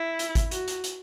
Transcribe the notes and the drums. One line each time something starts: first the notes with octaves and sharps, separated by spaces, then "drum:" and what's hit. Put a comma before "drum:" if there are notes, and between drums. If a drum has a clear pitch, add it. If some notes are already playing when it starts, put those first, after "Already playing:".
Already playing: E4
drum: hi-hat
drum: kick G#1, hi-hat
F#4, drum: hi-hat
drum: hi-hat
drum: hi-hat